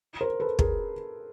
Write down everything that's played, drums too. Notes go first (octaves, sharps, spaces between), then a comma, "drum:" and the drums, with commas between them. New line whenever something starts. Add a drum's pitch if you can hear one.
A#4 C5
A4 B4
G#4 A#4, drum: kick